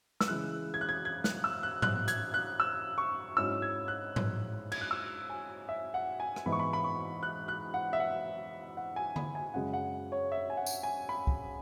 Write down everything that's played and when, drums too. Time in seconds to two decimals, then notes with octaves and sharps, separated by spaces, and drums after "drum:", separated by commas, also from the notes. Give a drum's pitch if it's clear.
0.21 E6, drum: snare
0.28 C#3 E3 G#3 E4 F#6
0.74 G#6
0.81 F#6
0.89 G#6
1.05 G#6
1.24 F#6, drum: snare
1.44 E6
1.63 F#6
1.82 F#6, drum: tom G#2
2.08 G#6, drum: hi-hat
2.34 F#6
2.60 E6
2.98 C#6
3.37 G#2 F#3 C#4 E4 E6
3.62 G#6
3.88 F#6
4.16 drum: tom G#2
4.72 G#6, drum: cymbal
4.81 F#6
4.91 E6
5.30 G#5
5.69 E5
5.94 F#5
6.20 G#5
6.36 drum: rim click
6.46 G#2 E3 B3 E4 B5
6.52 C#6
6.59 B5
6.73 B5
6.84 C#6
7.23 F#6
7.48 F#6
7.74 F#5
7.93 E5
8.00 F#5
8.77 F#5
8.96 G#5
9.16 B5, drum: tom D3
9.35 G#5
9.54 F#2 C#3 G#3 F#5
9.73 F#5
10.12 C#5
10.32 E5
10.50 G#5
10.57 F#5
10.66 drum: tambourine
10.83 G#5
11.09 B5
11.27 drum: kick C2